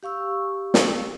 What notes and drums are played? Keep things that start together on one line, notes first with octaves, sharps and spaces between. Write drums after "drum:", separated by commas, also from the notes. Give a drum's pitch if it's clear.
G4 F5 C#6 E6
drum: snare